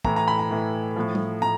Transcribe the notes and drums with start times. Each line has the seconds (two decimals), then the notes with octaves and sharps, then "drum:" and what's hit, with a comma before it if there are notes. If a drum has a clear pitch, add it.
0.05 A2 E3 A#5, drum: kick
0.16 A#5
0.28 B5
0.39 A#5
0.51 A2 E3
0.96 A2 F3
1.15 drum: tom G3
1.42 A2 A#5